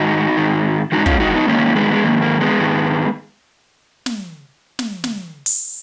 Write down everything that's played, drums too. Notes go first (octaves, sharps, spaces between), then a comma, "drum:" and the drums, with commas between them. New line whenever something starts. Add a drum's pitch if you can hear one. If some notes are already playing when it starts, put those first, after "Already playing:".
Already playing: G#2 D#3 D#4 F#4
G#2 D#3
G#2 D#3 D#4 F#4
C#4 F4, drum: kick
D#4 F#4
B3 D#4
G#2 D#3 A#3 C#4
G#3 B3
G#3
G#2 D#3 A#3
A#3
G#3 B3
G#2 D#3
drum: snare
drum: snare
drum: snare
drum: open hi-hat